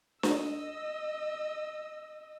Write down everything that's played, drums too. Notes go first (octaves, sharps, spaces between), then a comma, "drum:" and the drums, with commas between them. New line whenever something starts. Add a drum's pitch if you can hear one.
D#5 E6, drum: snare D4